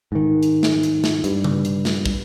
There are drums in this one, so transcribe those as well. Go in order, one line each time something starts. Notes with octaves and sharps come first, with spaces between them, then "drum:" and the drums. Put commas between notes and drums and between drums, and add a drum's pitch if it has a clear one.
G#2 D#3
drum: hi-hat
drum: snare
drum: hi-hat
drum: snare
G2, drum: hi-hat
drum: tom C#3
drum: hi-hat
drum: snare
drum: kick